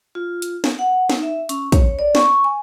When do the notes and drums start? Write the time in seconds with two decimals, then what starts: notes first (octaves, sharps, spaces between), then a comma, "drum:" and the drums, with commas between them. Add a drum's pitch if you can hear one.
0.15 F4
0.42 drum: hi-hat
0.64 drum: snare
0.79 F#5
1.10 D#4, drum: snare
1.23 E5
1.49 C#4, drum: hi-hat
1.72 C#5, drum: kick, hi-hat
1.99 D5
2.15 C#6, drum: snare
2.44 G#5